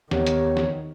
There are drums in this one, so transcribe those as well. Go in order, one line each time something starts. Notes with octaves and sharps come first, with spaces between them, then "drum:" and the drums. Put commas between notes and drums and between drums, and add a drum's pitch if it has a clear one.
D#2 D#3 B3 G4 C#5 F#5, drum: snare
drum: hi-hat
drum: snare